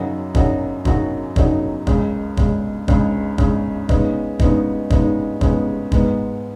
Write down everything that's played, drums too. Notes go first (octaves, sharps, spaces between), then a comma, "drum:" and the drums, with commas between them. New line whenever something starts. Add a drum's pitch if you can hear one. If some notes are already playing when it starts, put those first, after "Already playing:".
Already playing: F#2 C#3 F#3 D#4 F#4
F#2 C#3 F#3 D#4 F#4, drum: kick
F#2 C#3 F#3 D#4 F#4, drum: kick
F#2 C#3 F#3 D#4 F#4, drum: kick
C#2 C#3 G#3, drum: kick
C#2 C#3 G#3, drum: kick
C#2 C#3 G#3, drum: kick
C#2 C#3 G#3, drum: kick
C#3 G#3 B3 D#4, drum: kick
C#3 G#3 B3 D#4, drum: kick
C#3 G#3 B3 D#4, drum: kick
C#3 G#3 B3 D#4, drum: kick
G#2 G#3 B3, drum: kick